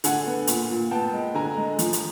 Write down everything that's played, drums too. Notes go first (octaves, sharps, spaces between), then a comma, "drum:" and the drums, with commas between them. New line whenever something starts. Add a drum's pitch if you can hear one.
D3 F#5 G#5, drum: hi-hat
B3
A#2, drum: hi-hat
A#2
B3 G5 A5
G#3
D3 G#5 A#5
G#3
F3, drum: hi-hat
drum: hi-hat